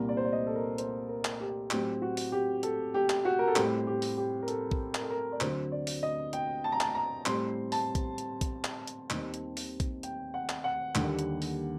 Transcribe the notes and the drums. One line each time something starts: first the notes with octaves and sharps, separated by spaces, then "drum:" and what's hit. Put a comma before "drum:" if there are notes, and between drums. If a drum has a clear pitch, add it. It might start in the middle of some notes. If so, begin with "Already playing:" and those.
Already playing: C2 A#2 G3 A#3 A#4
D5
C5
D5
D#5
A4
A#4
C5, drum: hi-hat
A#4
drum: clap
G4
A2 F#3 C4 G4, drum: clap
F#4
drum: open hi-hat
G4
A4, drum: hi-hat
G4
drum: clap
F#4
A#4
A4
A2 G3 C4 G4, drum: clap
G4
drum: open hi-hat
G4
A#4
A4, drum: hi-hat
drum: kick A#1
A#4, drum: clap
A4
A#4
D5
D2 D3 F#3 C4 C5, drum: clap
D5
drum: open hi-hat
D#5
G5, drum: hi-hat
A5
A#5
A5, drum: clap
A#5
A2 G3 C4 C6, drum: clap
A5, drum: open hi-hat
drum: kick A#1, hi-hat
drum: hi-hat
drum: kick A#1, hi-hat
drum: clap
drum: hi-hat
D#2 D#3 G3 C4, drum: clap
drum: hi-hat
drum: open hi-hat
drum: kick A#1, hi-hat
G5, drum: hi-hat
F#5
drum: clap
F#5
D#2 D3 G3 A#3, drum: clap
drum: hi-hat
drum: open hi-hat